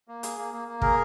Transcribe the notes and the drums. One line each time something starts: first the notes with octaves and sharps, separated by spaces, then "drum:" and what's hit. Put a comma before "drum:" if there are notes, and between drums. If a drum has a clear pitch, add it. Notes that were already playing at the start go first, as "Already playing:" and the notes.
A#3
G#4, drum: hi-hat
A#3
A#3
A#3
G#4 A#4, drum: kick